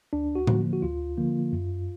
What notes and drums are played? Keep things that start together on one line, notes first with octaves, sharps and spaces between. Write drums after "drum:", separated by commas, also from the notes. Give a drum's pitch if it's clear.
D2 D4
F#4
D3 F3 A#3, drum: tom A2
F#4
D2 F4
D3 F3 A#3
F#2